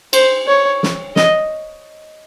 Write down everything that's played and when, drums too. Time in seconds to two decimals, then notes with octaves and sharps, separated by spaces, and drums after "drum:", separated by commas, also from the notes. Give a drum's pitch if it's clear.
0.13 C5, drum: cymbal
0.47 C#5
0.83 drum: snare
1.16 D#5, drum: snare